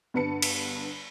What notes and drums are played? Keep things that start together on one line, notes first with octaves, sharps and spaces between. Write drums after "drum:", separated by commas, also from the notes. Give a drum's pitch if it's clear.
G2 D3 B3 B4 A5 C#7
drum: cymbal